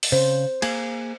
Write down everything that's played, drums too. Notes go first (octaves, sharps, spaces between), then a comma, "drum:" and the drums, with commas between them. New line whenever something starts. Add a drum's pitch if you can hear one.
drum: open hi-hat
C#3 C5
A#3 G#4, drum: cymbal